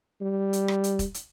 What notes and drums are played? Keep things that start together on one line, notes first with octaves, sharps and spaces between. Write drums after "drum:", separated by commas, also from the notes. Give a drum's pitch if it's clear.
G3
drum: hi-hat
drum: rim click
drum: hi-hat
drum: kick E1, hi-hat
drum: hi-hat